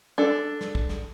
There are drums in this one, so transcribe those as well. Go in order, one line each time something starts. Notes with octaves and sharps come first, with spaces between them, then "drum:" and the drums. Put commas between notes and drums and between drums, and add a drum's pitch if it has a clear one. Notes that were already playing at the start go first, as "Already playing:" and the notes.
D4 A4
drum: snare
drum: kick
drum: snare